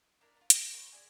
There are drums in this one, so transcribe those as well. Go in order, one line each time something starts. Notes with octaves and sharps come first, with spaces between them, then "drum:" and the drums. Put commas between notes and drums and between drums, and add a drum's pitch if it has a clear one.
D4 E4 A#4
D4 F4
A#3 F5, drum: hi-hat
F#4 A#4 C#5 C6
E4 G#4 D5 G#5